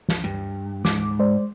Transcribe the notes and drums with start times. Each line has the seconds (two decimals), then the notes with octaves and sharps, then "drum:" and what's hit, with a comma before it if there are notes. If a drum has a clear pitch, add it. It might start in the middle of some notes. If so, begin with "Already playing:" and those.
0.09 drum: snare
0.24 G2
0.85 G#2 D6, drum: snare
1.19 G#3 C5 D5